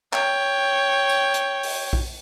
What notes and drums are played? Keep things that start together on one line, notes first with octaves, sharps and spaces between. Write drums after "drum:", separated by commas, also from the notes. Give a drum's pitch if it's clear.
C#5 G5, drum: clap
drum: tambourine
drum: hi-hat
drum: open hi-hat
drum: kick A#1